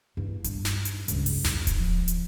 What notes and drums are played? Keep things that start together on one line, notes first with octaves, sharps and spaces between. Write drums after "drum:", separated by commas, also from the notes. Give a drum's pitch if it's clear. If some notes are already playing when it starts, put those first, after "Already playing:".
G2 E4
G2, drum: hi-hat
drum: snare
drum: hi-hat
C#2 G2, drum: hi-hat
drum: open hi-hat
F2, drum: snare
drum: kick D1, hi-hat
F3
drum: hi-hat